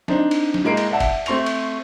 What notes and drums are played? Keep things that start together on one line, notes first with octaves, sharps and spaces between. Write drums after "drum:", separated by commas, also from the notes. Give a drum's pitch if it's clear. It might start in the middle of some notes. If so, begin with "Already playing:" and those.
C4 D4 D#4 C5, drum: snare
drum: cymbal
drum: snare
A2 G#3 A#3 C7 D7
drum: cymbal
D5 E5 F#5 A5
drum: kick, cymbal
A3 C4 C6 C#6 F7, drum: cymbal
drum: cymbal